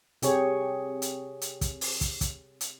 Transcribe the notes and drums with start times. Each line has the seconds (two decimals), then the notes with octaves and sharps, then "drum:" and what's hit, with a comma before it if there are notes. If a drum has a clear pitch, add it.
0.22 C3 G4 G#4 C#5, drum: hi-hat
1.02 drum: hi-hat
1.41 drum: hi-hat
1.61 drum: kick, hi-hat
1.81 drum: open hi-hat
2.01 drum: kick, hi-hat
2.21 drum: kick, hi-hat
2.61 drum: hi-hat